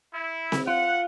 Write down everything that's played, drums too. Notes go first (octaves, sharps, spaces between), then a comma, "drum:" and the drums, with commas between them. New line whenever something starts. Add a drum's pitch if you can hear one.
E4
drum: snare C4
F4 F#5